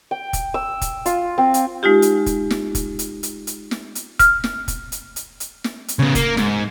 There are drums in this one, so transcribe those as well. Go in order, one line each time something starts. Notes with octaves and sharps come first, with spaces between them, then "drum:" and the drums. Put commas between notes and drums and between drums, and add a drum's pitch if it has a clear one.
G5
drum: kick, hi-hat
E6
drum: kick, hi-hat
F4, drum: hi-hat
C4
drum: hi-hat
G#3 D#4 F4 G4
drum: hi-hat
drum: kick, hi-hat
drum: snare
drum: kick, hi-hat
drum: hi-hat
drum: hi-hat
drum: hi-hat
drum: snare
drum: hi-hat
F6, drum: kick, hi-hat
drum: snare
drum: kick, hi-hat
drum: hi-hat
drum: hi-hat
drum: hi-hat
drum: snare
drum: hi-hat
C#3 B3
A#3, drum: kick, hi-hat
G#2, drum: snare